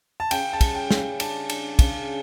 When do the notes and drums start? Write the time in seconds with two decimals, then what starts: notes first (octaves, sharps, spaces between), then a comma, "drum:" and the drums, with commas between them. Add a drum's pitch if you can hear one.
0.20 A5
0.31 C#3 G5, drum: cymbal
0.53 A5
0.61 G3, drum: kick, cymbal
0.75 G5
0.91 C#3, drum: snare
0.98 G5
1.20 D4 A5, drum: cymbal
1.49 D4, drum: cymbal
1.79 C#3, drum: kick, cymbal